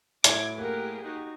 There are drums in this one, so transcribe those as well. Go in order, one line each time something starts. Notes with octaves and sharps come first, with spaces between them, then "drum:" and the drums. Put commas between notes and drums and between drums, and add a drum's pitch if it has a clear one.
A2 F#3 E4 A4 C#5 D6 G#6, drum: hi-hat
A#3 G4 G#4 A#4 F#5
D#4 F#4